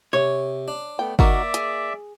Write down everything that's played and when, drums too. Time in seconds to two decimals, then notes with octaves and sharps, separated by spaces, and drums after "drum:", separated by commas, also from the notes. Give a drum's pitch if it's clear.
0.13 C3 C#5
0.68 D4
0.99 A3 B3 G5
1.19 A#3 D#4 F#4 A#4 D5 E5, drum: kick G1
1.54 G#4, drum: hi-hat